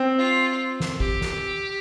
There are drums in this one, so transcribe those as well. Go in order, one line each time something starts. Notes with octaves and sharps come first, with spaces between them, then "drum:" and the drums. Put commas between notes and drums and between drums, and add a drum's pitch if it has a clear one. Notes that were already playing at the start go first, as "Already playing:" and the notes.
Already playing: C4
F4
drum: snare
G4, drum: kick
drum: snare